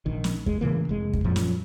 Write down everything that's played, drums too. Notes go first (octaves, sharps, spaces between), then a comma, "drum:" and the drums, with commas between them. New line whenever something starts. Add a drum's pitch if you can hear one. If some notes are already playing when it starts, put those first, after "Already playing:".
A#1 D#3
drum: snare
G#3, drum: kick
A2 C#3 E3 A#3
F1 G#3
drum: kick
F#2 A#2 F3 F#3
drum: snare